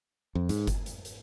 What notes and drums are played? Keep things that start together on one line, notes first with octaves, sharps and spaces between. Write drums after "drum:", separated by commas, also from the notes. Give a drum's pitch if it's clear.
F2
G#2, drum: hi-hat
drum: kick G1, hi-hat
drum: hi-hat
drum: hi-hat